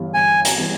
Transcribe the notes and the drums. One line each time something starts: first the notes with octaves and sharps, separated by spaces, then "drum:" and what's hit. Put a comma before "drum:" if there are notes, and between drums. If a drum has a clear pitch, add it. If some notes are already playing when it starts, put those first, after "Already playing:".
Already playing: G1 G2 E3 G3 B3
G1 G#5
drum: hi-hat
E3 G3 B3